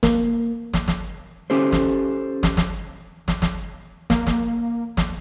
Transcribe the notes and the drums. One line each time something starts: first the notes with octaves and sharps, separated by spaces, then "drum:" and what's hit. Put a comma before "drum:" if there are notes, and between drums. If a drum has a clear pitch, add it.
A#3, drum: snare
drum: snare
drum: snare
C#4 G4 A4 C5
drum: snare
drum: snare
drum: snare
drum: snare
drum: snare
A#3, drum: snare
drum: snare
drum: snare